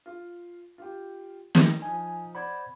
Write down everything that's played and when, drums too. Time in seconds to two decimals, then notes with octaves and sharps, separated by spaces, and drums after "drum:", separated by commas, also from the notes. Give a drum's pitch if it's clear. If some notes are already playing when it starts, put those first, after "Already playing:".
0.06 F4
0.78 F4 G4
1.55 D#4 G5, drum: snare
1.82 F3 D#4 G#5
2.35 C5 D5 F#5 B5 G#6